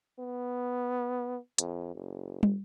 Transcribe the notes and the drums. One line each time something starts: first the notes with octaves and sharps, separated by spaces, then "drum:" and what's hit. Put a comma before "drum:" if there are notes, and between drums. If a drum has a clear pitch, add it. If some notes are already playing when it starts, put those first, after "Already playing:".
B3
F2, drum: hi-hat
F#1
drum: tom